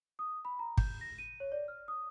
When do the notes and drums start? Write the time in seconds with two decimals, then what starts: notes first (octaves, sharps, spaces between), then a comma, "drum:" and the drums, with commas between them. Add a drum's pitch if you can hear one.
0.19 D#6
0.45 B5
0.59 A#5
0.77 G6, drum: kick G#1
1.01 A#6
1.18 D#7
1.40 C#5
1.52 D5
1.68 F6
1.88 D#6